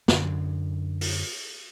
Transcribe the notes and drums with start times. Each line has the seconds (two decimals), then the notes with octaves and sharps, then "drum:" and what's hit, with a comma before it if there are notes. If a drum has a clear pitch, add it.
0.08 F#2 D3, drum: snare
1.01 drum: open hi-hat